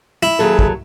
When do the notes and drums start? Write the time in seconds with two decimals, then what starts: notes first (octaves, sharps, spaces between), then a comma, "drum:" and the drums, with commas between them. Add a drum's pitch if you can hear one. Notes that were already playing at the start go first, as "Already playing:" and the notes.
0.23 E4
0.39 D#2 F#3 G#4 A4
0.59 drum: kick